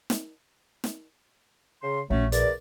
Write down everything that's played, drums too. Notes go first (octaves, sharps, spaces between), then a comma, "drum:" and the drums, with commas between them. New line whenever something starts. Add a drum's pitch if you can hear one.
drum: snare
drum: snare
C#3 C6
A#1 F#3 A3 C#4
E2 A#4 D5, drum: hi-hat